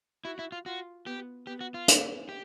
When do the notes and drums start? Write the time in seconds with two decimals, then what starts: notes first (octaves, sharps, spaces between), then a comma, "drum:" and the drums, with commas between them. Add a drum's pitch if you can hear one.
0.24 E4 F#4
0.39 E4
0.52 F4
0.66 F4 F#4
1.06 B3 G4
1.47 B3 G4
1.61 F#4
1.74 F4
1.88 A#3, drum: hi-hat
2.29 G4